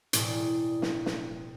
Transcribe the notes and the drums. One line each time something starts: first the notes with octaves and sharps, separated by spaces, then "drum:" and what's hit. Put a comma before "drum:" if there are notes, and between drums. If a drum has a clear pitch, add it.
E1 A2 G#4 D5, drum: hi-hat
drum: snare
drum: snare